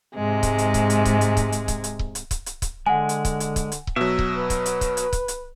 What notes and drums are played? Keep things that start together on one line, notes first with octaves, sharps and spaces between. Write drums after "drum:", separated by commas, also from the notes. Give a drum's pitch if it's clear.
G#2 C3 G#3
drum: kick C#1, hi-hat
drum: hi-hat
drum: kick C#1, hi-hat
drum: hi-hat
drum: kick C#1, hi-hat
drum: hi-hat
drum: kick C#1, hi-hat
drum: hi-hat
drum: kick C#1, hi-hat
drum: hi-hat
drum: kick C#1
drum: hi-hat
drum: kick C#1, hi-hat
drum: hi-hat
drum: kick C#1, hi-hat
D3 G#3 F#5 G#5
drum: hi-hat
drum: kick C#1, hi-hat
drum: hi-hat
drum: kick C#1, hi-hat
drum: hi-hat
drum: kick C#1
B2 F#3 E5
drum: kick C#1
B4
drum: kick C#1, hi-hat
drum: hi-hat
drum: kick C#1, hi-hat
drum: hi-hat
drum: kick C#1, hi-hat
drum: hi-hat